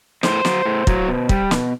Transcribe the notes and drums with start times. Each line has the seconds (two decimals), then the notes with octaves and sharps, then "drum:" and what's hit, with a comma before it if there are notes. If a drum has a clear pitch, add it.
0.23 A2 C5, drum: snare
0.45 F#3, drum: snare
0.66 A2
0.87 F#3, drum: kick
1.08 B2
1.29 G3, drum: kick
1.51 B2, drum: snare